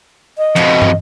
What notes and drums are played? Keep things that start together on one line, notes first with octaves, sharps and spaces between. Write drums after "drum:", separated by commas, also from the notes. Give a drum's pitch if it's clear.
D#5
F2 B2, drum: hi-hat
drum: tom